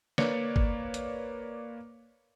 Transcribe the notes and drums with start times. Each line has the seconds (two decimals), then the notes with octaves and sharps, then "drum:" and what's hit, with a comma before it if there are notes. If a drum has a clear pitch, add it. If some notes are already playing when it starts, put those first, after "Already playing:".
0.18 A#3 B4 C#5 D5 C#7, drum: snare
0.56 drum: kick
0.94 drum: hi-hat